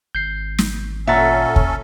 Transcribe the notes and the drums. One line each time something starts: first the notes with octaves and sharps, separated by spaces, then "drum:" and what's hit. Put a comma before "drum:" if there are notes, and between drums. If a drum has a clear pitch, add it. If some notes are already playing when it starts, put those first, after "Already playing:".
G#1 G6 C7
drum: snare
A#2 C#4 A4 E5 F#5 A#5 A6
drum: kick